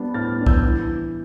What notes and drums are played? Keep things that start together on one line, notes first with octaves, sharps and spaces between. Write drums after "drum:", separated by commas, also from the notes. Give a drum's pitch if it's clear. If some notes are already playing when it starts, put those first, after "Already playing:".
Already playing: G3 B3 D4
A2 F6 A6
G3 B3 D4
E6 G6, drum: kick B1
E3